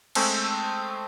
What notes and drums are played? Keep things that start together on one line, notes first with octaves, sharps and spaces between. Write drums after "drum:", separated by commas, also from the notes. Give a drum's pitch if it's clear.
G#3 A3 C4, drum: cymbal